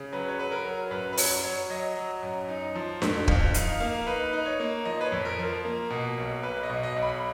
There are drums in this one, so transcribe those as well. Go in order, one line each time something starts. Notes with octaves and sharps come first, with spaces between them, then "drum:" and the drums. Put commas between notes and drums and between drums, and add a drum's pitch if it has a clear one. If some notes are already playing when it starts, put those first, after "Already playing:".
Already playing: C#3
F#3 B4
C#5
F#3 B4
A#4
F#3
F#2 B4
B4
F#3 C#5, drum: open hi-hat
F#3 C#5
F#3 D#5
F#3
F#2
D#4
F3
F2, drum: snare D4
F2 F5, drum: kick
D#4 F5, drum: hi-hat
A#3 F5
D#4 B4
D#4
C#5
A#3
F3 D#5
B4
C#5
F2
A#4
F3
A#4
A#3
B2
B1
B1 B4
D#5
B2
D#5
B1
B5